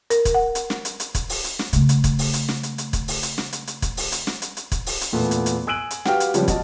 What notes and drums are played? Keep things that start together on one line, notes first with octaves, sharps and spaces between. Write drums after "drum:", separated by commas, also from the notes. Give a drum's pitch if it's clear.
A#4, drum: hi-hat
drum: kick, hi-hat
F#5
drum: hi-hat
drum: snare
drum: hi-hat
drum: hi-hat
drum: kick, hi-hat
drum: open hi-hat
drum: hi-hat
drum: snare
C#3 A3, drum: hi-hat
drum: hi-hat
drum: kick, hi-hat
drum: open hi-hat
drum: hi-hat
drum: snare
drum: hi-hat
drum: hi-hat
drum: kick, hi-hat
drum: open hi-hat
drum: hi-hat
drum: snare
drum: hi-hat
drum: hi-hat
drum: kick, hi-hat
drum: open hi-hat
drum: hi-hat
drum: snare
drum: hi-hat
drum: hi-hat
drum: kick, hi-hat
drum: open hi-hat
drum: hi-hat
E2 A#2 A3 B3
drum: hi-hat
drum: hi-hat
G#5 E6 F#6 D7 D#7 F#7
drum: hi-hat
F#4 G4 B4 F5 G5 F6, drum: snare
drum: hi-hat
C#3 F3 G3 G#3 B3 C#4, drum: hi-hat
F#4 D#5 A5, drum: kick, hi-hat